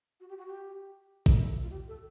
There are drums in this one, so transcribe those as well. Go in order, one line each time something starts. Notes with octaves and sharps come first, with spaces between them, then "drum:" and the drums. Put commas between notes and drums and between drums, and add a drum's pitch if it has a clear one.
F#4
G4
F#4
G4
A4, drum: kick
F4
G4
A4